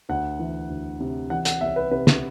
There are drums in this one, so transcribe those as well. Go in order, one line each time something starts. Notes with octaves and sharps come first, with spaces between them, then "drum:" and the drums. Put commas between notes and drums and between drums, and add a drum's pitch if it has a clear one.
D2 F#5
E3
D2
C3
E3 F#5
F#5, drum: hi-hat
C2 E5
B4
C3 B4
drum: snare